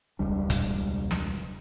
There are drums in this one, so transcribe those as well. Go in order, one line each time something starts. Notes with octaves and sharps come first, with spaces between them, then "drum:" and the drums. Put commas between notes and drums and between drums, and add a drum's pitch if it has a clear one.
E1 C#2 G3 D4
drum: kick, hi-hat
drum: snare